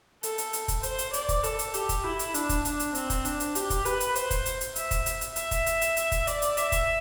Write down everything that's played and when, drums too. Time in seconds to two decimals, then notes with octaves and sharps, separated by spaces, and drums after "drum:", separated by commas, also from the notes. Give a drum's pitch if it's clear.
0.23 A4, drum: hi-hat
0.38 drum: hi-hat
0.53 drum: hi-hat
0.68 drum: kick, hi-hat
0.83 C5, drum: hi-hat
0.98 drum: hi-hat
1.13 D5, drum: hi-hat
1.29 drum: kick, hi-hat
1.44 A4, drum: hi-hat
1.59 drum: hi-hat
1.74 G4, drum: hi-hat
1.89 drum: kick, hi-hat
2.03 E4
2.19 drum: hi-hat
2.34 D4, drum: hi-hat
2.49 drum: kick, hi-hat
2.65 D4, drum: hi-hat
2.80 drum: hi-hat
2.95 C4, drum: hi-hat
3.10 drum: kick, hi-hat
3.25 D4, drum: hi-hat
3.40 drum: hi-hat
3.55 G4, drum: hi-hat
3.70 drum: kick, hi-hat
3.85 B4, drum: hi-hat
4.00 drum: hi-hat
4.16 C5, drum: hi-hat
4.31 drum: kick, hi-hat
4.46 drum: hi-hat
4.61 drum: hi-hat
4.76 E5, drum: hi-hat
4.91 drum: kick, hi-hat
5.06 drum: hi-hat
5.21 drum: hi-hat
5.36 E5, drum: hi-hat
5.51 drum: kick, hi-hat
5.66 drum: hi-hat
5.81 drum: hi-hat
5.97 drum: hi-hat
6.12 drum: kick, hi-hat
6.27 D5, drum: hi-hat
6.42 drum: hi-hat
6.57 E5, drum: hi-hat
6.72 drum: kick, hi-hat